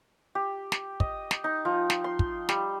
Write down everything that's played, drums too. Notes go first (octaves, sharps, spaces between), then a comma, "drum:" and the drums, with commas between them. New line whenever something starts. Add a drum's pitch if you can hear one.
G4
drum: snare
D#5, drum: kick
drum: snare
D#4
F3
drum: snare
C6
drum: kick
G3, drum: snare